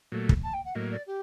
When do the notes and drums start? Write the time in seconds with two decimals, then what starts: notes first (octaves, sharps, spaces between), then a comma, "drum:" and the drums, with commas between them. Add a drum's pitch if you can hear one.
0.12 A#2 F#3 A3
0.29 drum: kick
0.43 A5
0.53 G5
0.64 F#5
0.75 A2 F#3 A#3 D#5
0.91 D5
1.06 G4